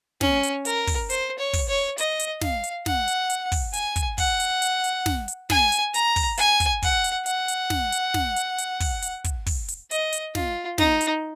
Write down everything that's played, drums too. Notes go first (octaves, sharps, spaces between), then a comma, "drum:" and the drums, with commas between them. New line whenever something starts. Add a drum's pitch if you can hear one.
C#4, drum: snare
drum: hi-hat
A#4, drum: hi-hat
drum: kick, open hi-hat
C5, drum: hi-hat
C#5
drum: kick, open hi-hat
C#5
D#5, drum: hi-hat
drum: hi-hat
F5, drum: snare
drum: hi-hat
F#5, drum: snare
drum: hi-hat
drum: hi-hat
drum: kick, open hi-hat
G#5, drum: hi-hat
drum: kick, hi-hat
F#5, drum: kick, open hi-hat
drum: hi-hat
drum: hi-hat
drum: hi-hat
drum: snare
drum: hi-hat
G#5, drum: snare
drum: hi-hat
A#5, drum: hi-hat
drum: kick, open hi-hat
G#5, drum: hi-hat
drum: kick, hi-hat
F#5, drum: kick, open hi-hat
drum: hi-hat
F#5, drum: hi-hat
drum: hi-hat
drum: snare
drum: hi-hat
drum: snare
drum: hi-hat
drum: hi-hat
drum: kick, open hi-hat
drum: hi-hat
drum: kick, hi-hat
drum: kick, open hi-hat
drum: hi-hat
D#5, drum: hi-hat
drum: hi-hat
F4, drum: snare
D#4, drum: snare
drum: hi-hat